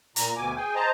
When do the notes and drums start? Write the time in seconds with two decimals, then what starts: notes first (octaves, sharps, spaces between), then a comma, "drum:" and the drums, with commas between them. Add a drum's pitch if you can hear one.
0.16 A#2 A#5, drum: hi-hat
0.36 D2 B2 G#5 D6
0.56 G#4 G5 G#5
0.75 C5 D#5 A5 A#5